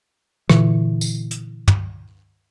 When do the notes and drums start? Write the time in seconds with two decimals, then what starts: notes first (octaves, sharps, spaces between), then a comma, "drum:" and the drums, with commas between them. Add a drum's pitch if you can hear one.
0.50 A#2 D3 E3, drum: rim click
1.01 drum: tambourine
1.31 drum: hi-hat
1.68 drum: tom